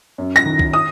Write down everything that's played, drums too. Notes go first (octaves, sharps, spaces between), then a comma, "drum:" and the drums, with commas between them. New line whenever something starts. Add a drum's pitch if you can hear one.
F#2
A#6
D#3
drum: kick C2
D#6